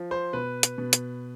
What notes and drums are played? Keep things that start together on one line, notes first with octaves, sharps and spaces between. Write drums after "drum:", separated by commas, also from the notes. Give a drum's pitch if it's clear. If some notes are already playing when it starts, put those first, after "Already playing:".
Already playing: F3
C5
B2 B4
drum: hi-hat
B2
drum: hi-hat